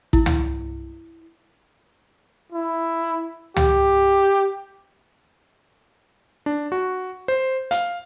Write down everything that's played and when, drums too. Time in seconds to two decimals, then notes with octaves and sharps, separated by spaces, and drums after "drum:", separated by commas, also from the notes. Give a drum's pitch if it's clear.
0.13 E4, drum: kick A1
0.26 drum: tom
2.52 E4
3.57 G4, drum: tom
6.46 D4
6.72 F#4
7.28 C5
7.71 F5, drum: hi-hat